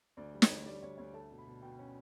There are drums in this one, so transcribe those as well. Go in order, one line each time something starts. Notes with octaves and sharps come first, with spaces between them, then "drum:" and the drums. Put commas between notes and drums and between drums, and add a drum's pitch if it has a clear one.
D2 D5
G3
C#5, drum: snare
D2
G3 D5
D2 C#5
D2 C#5
A3 A5
B2
B5
B2
B2 G5
C#4